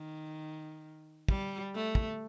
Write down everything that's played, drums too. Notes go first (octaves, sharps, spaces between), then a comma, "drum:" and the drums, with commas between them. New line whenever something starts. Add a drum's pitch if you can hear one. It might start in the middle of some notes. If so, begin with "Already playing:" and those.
Already playing: D#3
G3, drum: kick
A3
drum: kick